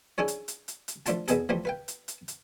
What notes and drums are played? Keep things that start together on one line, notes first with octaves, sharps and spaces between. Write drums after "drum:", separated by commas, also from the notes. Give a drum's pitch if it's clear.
C#4 D4 E4 G#4 C#5
drum: hi-hat
drum: hi-hat
drum: hi-hat
drum: hi-hat
F3 A3 D4 F4 F5 A5, drum: hi-hat
E2 B2 B3 G#4 A4, drum: hi-hat
E3 F3 G3 A3
B4 F5 G5
drum: hi-hat
drum: hi-hat
drum: hi-hat